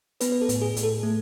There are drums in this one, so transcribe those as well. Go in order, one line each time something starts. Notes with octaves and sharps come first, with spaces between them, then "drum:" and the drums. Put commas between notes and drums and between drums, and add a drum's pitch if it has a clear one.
B3 B4, drum: hi-hat
B4
A4
A2, drum: hi-hat
G#4
A2, drum: hi-hat
A4
A3